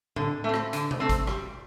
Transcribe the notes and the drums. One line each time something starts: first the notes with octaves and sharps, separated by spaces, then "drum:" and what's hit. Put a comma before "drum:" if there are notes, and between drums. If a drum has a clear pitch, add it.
D3, drum: tom A2
A3 C4
drum: rim click
D3, drum: hi-hat
drum: tom B2
A3 C4
drum: kick, hi-hat
G3, drum: rim click